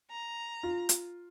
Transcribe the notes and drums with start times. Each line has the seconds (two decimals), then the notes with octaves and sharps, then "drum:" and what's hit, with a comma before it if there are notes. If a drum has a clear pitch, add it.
0.12 A#5
0.63 F4
0.89 drum: hi-hat